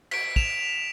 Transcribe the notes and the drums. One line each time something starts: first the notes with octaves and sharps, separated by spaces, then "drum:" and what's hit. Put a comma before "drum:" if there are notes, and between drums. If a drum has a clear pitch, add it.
B6 D7, drum: cymbal
E7 F7, drum: kick